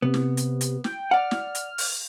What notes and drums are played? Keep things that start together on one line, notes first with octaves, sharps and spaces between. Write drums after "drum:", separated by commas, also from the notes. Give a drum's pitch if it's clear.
C3 B3
drum: snare
drum: hi-hat
drum: hi-hat
G5, drum: snare
D5 F#5 F6
drum: snare
drum: hi-hat
drum: open hi-hat